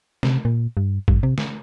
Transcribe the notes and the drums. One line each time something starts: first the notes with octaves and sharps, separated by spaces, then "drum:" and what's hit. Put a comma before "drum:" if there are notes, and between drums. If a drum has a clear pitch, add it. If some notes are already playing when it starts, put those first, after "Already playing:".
C3, drum: snare
A#2
G2
G2, drum: kick
C3
drum: snare